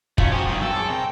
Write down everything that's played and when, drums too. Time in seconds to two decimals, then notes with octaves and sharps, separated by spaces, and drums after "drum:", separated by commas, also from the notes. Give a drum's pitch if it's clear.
0.18 C#3 A3 C#4 D#4 F4 F#4, drum: kick
0.32 F3 F#4 G4 C5 G5 G#5 A#5 D#6
0.48 G2 D#3
0.61 F#2 B2 F#3 A4 G5 G#5
0.76 G#4 C#5 G#5 C6 D6
0.89 C3 A#4 G5